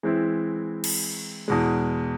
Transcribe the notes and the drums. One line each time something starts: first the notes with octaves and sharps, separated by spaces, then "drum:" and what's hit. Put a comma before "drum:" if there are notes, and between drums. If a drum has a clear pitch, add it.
E3 G#3 C4 E4
drum: cymbal
E2 B2 G#3